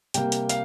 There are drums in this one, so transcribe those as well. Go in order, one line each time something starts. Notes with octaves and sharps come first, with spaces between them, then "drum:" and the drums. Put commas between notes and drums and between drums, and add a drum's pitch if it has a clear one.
C3 G3 A#3 G5, drum: hi-hat
drum: hi-hat
F5, drum: hi-hat